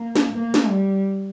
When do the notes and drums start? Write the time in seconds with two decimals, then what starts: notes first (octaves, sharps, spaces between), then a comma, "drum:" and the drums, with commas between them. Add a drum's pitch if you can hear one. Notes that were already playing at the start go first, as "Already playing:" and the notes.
Already playing: A#3
0.16 drum: snare
0.33 A#3
0.54 drum: snare
0.69 G3